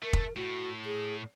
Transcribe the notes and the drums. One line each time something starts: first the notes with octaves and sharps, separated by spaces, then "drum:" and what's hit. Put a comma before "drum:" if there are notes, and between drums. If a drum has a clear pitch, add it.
A3 A#4
drum: kick F1
A2 F#4
G#4